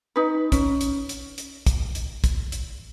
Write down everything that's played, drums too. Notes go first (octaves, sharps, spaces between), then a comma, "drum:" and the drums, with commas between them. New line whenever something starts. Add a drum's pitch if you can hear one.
D#4 B4
C#4, drum: kick, hi-hat
drum: hi-hat
drum: hi-hat
drum: hi-hat
drum: kick, hi-hat
drum: hi-hat
drum: kick, hi-hat
drum: hi-hat